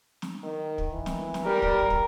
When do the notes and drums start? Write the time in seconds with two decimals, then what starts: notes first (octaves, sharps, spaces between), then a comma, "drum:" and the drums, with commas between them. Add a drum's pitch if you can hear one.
0.22 drum: snare
0.43 D#3
0.78 drum: kick
0.92 E3
1.06 drum: snare
1.34 drum: snare
1.46 G3 A#4
1.62 drum: kick
1.90 drum: kick